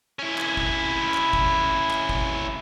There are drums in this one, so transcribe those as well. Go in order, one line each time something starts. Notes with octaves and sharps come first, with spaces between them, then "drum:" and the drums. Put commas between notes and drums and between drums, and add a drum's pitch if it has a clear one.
C#4 E4
drum: clap
drum: kick
drum: clap
drum: kick
drum: clap
drum: kick